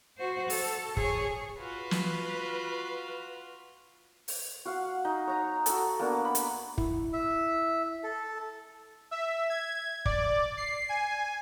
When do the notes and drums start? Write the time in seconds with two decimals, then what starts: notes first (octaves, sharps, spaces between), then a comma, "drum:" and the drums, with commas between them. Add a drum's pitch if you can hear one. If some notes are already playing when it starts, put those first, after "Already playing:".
0.18 F#4 C5
0.50 A4, drum: open hi-hat
0.97 G#4 C#5, drum: kick
1.59 F4 F#4 B4
1.91 drum: snare
4.28 drum: open hi-hat
4.65 F#4 F5 F#5
5.05 D#4
5.27 C#5 A#5
5.66 F#4 A4, drum: hi-hat
5.99 A#3 B3 D4 F#4
6.25 B5
6.35 drum: hi-hat
6.78 E4, drum: kick
7.13 E5
8.04 A4
9.11 E5
9.50 G#6
10.05 D5, drum: kick
10.57 C7
10.89 G#5